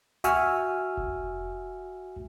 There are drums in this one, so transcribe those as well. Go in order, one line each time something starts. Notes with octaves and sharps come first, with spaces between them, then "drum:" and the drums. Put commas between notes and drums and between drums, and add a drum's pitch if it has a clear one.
F#4 E5 F#5 G#5 E6 F6, drum: hi-hat
drum: kick F1